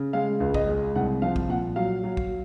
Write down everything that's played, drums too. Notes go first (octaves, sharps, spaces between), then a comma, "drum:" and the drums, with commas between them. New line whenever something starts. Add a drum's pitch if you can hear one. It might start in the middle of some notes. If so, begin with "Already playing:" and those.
Already playing: C#3
G#3 F5
C#2
D#5, drum: kick
G#3
C2 F#5
F3 F5
drum: kick
A#2 F#5
F#3 F5
F#3
drum: kick